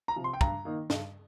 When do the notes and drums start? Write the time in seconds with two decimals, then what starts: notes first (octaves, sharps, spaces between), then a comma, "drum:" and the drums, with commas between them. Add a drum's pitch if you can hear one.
0.08 A#5
0.16 C3 F3
0.24 C6
0.33 G5
0.41 G2 A#5, drum: kick
0.65 D#3 A#3 D#4
0.90 G2, drum: snare